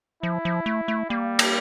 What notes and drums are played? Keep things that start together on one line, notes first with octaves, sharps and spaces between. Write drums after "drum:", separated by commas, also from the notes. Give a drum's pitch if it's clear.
F3 E4
F3
A3
A3
G3 A#3
drum: cymbal